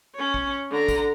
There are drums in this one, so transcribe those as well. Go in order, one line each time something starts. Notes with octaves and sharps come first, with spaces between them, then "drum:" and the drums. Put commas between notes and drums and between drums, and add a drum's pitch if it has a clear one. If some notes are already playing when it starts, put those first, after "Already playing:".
C#4 C#5
drum: kick
D3 A#5
drum: kick, tambourine